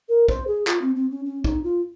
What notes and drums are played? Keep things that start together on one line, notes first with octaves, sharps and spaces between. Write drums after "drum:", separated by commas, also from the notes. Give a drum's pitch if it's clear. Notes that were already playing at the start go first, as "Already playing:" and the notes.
A#4
C5, drum: kick
G#4
F4, drum: clap
C4
C4
C#4
C#4
D#4, drum: kick
F4